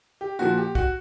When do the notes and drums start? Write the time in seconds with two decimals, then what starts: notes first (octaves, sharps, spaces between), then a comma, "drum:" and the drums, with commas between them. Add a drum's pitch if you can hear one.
0.21 G4
0.39 A#2 F3 F#4
0.58 G4
0.75 F#4, drum: kick